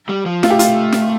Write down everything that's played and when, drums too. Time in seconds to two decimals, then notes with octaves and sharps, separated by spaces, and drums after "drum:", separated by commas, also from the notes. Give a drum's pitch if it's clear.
0.09 G3
0.26 F3
0.43 A3 F4, drum: snare
0.50 G4
0.59 F4, drum: hi-hat
0.92 drum: snare